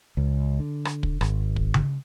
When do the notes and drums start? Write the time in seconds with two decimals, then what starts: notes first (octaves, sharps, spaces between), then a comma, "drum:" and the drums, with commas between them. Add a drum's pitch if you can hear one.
0.17 C#2
0.60 D3
0.85 drum: rim click
1.03 drum: kick
1.21 G#1, drum: rim click
1.56 drum: kick
1.74 drum: tom C#3